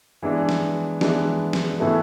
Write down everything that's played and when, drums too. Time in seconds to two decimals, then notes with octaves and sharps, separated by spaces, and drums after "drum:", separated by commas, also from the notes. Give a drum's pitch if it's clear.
0.23 E3 G#3 B3 D4
0.49 drum: snare
1.01 E3 G#3 B3 D4, drum: snare
1.53 drum: snare
1.80 A2 E3 B3 E4 A4